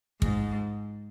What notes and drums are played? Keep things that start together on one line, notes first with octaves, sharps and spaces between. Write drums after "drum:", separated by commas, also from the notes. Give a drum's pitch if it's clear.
G#2, drum: kick